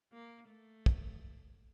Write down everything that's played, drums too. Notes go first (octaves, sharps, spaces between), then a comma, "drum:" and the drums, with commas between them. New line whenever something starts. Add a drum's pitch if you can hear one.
A#3
A3
drum: kick